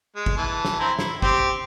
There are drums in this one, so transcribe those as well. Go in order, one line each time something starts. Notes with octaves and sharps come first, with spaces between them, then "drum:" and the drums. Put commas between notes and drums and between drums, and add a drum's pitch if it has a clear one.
G#3
drum: kick G1
E3 A5
drum: snare
C4 E4 A#5
E4, drum: snare
C4 G4 G5, drum: kick G1